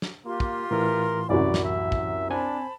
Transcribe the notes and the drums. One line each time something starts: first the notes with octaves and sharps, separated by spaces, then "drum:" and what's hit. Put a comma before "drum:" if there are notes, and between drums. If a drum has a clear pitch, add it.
drum: snare
A#3 F4 G4 C6
drum: kick
A2 E3 A#4
C2 F#2 F#4 D5 B5
drum: snare
E5
drum: kick
C4 D4 C5 G#5 A5 B5